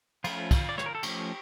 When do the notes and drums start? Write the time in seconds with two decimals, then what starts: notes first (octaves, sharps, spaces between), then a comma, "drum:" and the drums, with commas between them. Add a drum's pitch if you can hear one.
0.24 F3 A3 C#4 F4, drum: cymbal
0.51 drum: kick, cymbal
0.69 D5
0.78 C#5, drum: rim click
0.86 A#4
0.95 A4
1.03 F3 A3 C#4 G4, drum: cymbal